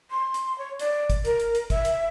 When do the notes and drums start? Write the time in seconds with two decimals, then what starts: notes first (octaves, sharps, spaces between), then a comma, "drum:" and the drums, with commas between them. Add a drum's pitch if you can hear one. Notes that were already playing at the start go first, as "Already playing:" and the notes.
0.11 C6
0.34 drum: hi-hat
0.58 C#5
0.79 D5, drum: hi-hat
1.10 drum: kick, hi-hat
1.25 A#4, drum: hi-hat
1.40 drum: hi-hat
1.55 drum: hi-hat
1.70 E5, drum: kick, hi-hat
1.85 drum: hi-hat